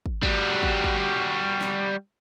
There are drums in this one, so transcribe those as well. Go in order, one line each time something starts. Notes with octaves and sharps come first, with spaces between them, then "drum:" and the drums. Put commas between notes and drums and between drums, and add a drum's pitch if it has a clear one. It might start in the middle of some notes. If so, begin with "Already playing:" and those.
drum: kick
G3 F#4, drum: kick
drum: kick
drum: kick
drum: snare